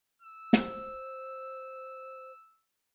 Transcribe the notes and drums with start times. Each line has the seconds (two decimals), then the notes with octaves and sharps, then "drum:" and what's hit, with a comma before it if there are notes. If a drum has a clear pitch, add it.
0.22 E6
0.53 C5, drum: snare